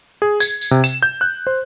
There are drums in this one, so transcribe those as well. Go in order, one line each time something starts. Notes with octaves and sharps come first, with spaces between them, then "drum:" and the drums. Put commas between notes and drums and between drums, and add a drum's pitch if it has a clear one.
G#4
G#6, drum: tambourine
drum: tambourine
C3
E7, drum: tambourine
G6
F#6
C5